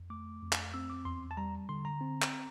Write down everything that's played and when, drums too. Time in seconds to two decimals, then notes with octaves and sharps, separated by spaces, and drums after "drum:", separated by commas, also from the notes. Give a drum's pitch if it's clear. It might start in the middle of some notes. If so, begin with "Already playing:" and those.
Already playing: F2
0.10 A3 D6
0.42 F2
0.53 drum: clap
0.74 C4 E6
0.90 D6
1.05 E2 C6
1.31 A5
1.37 G3 A#5
1.69 D3 C6
1.85 A#5
2.01 C4
2.22 drum: clap